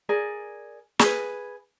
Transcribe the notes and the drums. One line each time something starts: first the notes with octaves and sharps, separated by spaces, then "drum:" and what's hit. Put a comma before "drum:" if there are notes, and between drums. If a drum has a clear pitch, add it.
G#4 A#4 D5
G#4 B4, drum: snare